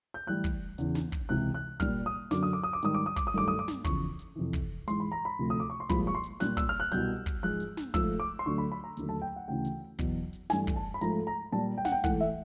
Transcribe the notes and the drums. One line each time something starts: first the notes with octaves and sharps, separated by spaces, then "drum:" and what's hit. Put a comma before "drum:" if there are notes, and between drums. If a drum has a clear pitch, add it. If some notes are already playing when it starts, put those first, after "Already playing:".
G6
A2 E3 G3 F#6
drum: kick, hi-hat
E2 C#3 E3, drum: hi-hat
drum: snare
drum: kick
C#2 C3 E3 F#6
F#6
A#2 G3 F6, drum: kick, hi-hat
D#6
F#2 D3 F#3 D6, drum: snare
D#6
D6
D#6
D6
G#2 D#3 G3 D#6, drum: hi-hat
D6
D#6
D6, drum: kick, hi-hat
D#6
G2 D#3 F#3 A3 D6
D#6
D6
drum: snare
E2 C#3 F3 C#6, drum: kick, hi-hat
drum: hi-hat
F2 C3 E3
drum: kick, hi-hat
G#2 E3 G#3 C6, drum: hi-hat
B5
A#5
B5
D2 C3 F3 A3
D#6
D6
C#6
C6
C2 A#2 F3 G#3 B5, drum: kick
C#6
C6
drum: hi-hat
A#2 G3 F#6, drum: snare
E6, drum: kick, hi-hat
F6
F#6
C2 B2 G3 G6, drum: hi-hat
drum: kick, hi-hat
G#2 F3 G#3 F#6
drum: hi-hat
drum: snare
G#2 F3 A3 E6, drum: kick, hi-hat
D6
C6
D2 D3 F#3 A3 C#6
B5
B5
A#5
D#2 D3 F#3 A3, drum: hi-hat
A5
G5
F#5
D2 C#3 E3 G5
drum: hi-hat
E2 B2 F#3, drum: kick, hi-hat
drum: hi-hat
G2 E3 A3 G#5, drum: snare
drum: kick, hi-hat
A5
B5
G#2 F3 A3 A#5, drum: hi-hat
A#5
A#2 G3 A5
G5
F#5, drum: snare
G5
G#2 E3 A3 F#5, drum: kick, hi-hat
E5